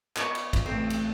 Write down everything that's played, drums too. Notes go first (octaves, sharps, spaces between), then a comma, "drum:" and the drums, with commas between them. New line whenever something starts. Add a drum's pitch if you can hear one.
B2 C#5 D5, drum: clap
drum: cymbal
drum: kick, cymbal
A1 A3 C4
drum: cymbal